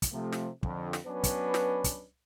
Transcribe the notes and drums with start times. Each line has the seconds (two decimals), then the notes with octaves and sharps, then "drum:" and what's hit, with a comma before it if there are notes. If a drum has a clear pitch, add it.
0.02 drum: kick, hi-hat
0.12 C3 F3 A3
0.32 drum: snare
0.63 F2 D3, drum: kick
0.93 drum: snare
1.06 F#3 B3 C#4 D4 B4
1.24 drum: kick, hi-hat
1.54 drum: snare
1.84 drum: kick, hi-hat